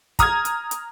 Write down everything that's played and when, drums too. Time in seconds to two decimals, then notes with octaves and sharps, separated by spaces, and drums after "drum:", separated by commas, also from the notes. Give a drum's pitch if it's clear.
0.19 A#5 D#6 F6 G#6, drum: kick, hi-hat
0.45 drum: hi-hat
0.71 drum: hi-hat